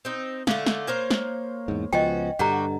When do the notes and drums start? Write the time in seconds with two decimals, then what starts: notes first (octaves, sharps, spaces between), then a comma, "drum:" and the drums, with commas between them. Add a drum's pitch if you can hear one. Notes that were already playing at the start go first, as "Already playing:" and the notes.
0.05 C4 D#4
0.47 D3 A3 F5, drum: snare
0.66 drum: snare
0.88 A#3 C5 C#5
1.11 drum: snare
1.68 E2 G#2
1.93 C#2 F3 B3 C#4 F#4 D#5 G5
2.39 G2 D3 G3 F#4 F#5 A#5